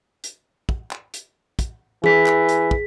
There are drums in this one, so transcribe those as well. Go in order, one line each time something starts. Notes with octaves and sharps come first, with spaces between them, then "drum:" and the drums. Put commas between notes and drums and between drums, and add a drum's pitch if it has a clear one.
drum: hi-hat
drum: kick
drum: clap
drum: hi-hat
drum: kick, hi-hat
E3 G#4 B6, drum: tom E3
drum: clap
drum: hi-hat
drum: kick